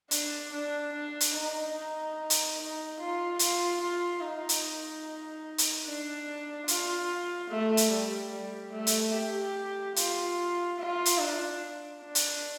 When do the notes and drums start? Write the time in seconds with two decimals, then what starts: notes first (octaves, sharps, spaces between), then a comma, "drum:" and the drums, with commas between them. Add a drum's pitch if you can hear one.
0.11 D4, drum: hi-hat
0.52 D4
0.93 D4
1.20 drum: hi-hat
1.34 D#4
2.30 drum: hi-hat
2.57 D#4
2.99 F4
3.39 F4, drum: hi-hat
3.81 F4
4.21 D#4
4.49 drum: hi-hat
5.58 drum: hi-hat
5.86 D4
6.68 F4, drum: hi-hat
7.49 A3
7.77 drum: hi-hat
7.91 G3
8.31 G3
8.73 A3
8.87 drum: hi-hat
9.14 G4
9.96 F4, drum: hi-hat
10.79 F4
11.06 drum: hi-hat
11.19 D4
12.01 D4
12.15 drum: hi-hat